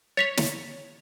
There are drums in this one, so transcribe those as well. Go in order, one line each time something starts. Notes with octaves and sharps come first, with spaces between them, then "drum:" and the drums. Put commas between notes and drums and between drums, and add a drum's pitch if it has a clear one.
C#5 A6 B6 F7
drum: snare